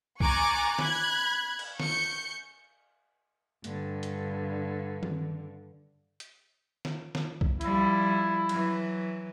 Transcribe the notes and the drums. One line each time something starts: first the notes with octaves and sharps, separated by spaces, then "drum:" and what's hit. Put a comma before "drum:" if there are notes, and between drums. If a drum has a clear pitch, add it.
G#5 A#5 C#6 D6 F#6 A6, drum: kick B1
B5 F#6 G#6, drum: snare
drum: cymbal
C#6 G6 C#7, drum: snare
G2 D3, drum: hi-hat
drum: hi-hat
drum: tom D#3
drum: hi-hat
drum: snare
drum: snare
drum: kick B1
F3 G3 E4, drum: hi-hat
E3 F#3, drum: cymbal